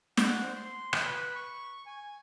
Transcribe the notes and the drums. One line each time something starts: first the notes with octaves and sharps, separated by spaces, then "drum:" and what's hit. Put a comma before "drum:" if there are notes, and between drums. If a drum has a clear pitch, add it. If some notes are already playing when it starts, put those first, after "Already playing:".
F#5, drum: snare
C5
C6
drum: rim click
B4
C#6
G#5